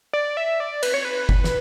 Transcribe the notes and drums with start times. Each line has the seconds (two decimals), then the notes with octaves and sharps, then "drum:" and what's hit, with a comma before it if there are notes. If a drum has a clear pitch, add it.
0.13 D5
0.37 E5
0.60 D5
0.83 B4, drum: cymbal
0.94 C#5
1.05 B4
1.29 drum: kick F#1
1.44 drum: snare